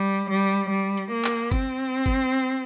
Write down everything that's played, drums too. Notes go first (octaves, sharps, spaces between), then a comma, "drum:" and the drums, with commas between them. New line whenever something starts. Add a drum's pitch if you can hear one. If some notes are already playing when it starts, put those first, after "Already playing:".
Already playing: G3
G3
G3
drum: hi-hat
A#3
drum: clap
C4, drum: kick
drum: kick, open hi-hat